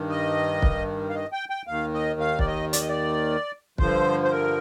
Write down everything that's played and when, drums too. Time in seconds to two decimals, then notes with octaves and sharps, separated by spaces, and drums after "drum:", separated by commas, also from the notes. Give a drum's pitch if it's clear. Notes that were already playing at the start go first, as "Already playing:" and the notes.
Already playing: G2 D#3
0.09 D#5
0.62 drum: kick
1.10 F5
1.15 D#5
1.32 G5
1.50 G5
1.67 D#2 D#3 F5
1.94 D#5
2.20 F5
2.39 D5, drum: kick
2.47 D#5
2.73 D5, drum: hi-hat
2.81 D#5
2.89 D5
3.78 G2 D3 F3 C5, drum: kick
4.24 C5
4.31 A#4